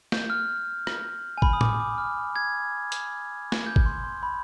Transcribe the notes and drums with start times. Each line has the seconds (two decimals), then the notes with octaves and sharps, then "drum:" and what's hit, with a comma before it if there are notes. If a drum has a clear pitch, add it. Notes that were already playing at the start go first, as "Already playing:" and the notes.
0.12 G6, drum: snare
0.30 F6
0.87 drum: rim click
1.38 G#5
1.42 B5, drum: kick G#1
1.53 D#6
1.61 D6, drum: tom A2
1.80 D6
1.98 F6
2.36 G#6
2.92 drum: hi-hat
3.52 drum: snare
3.66 G6
3.76 drum: kick G#1
3.86 C6
4.04 C6
4.23 B5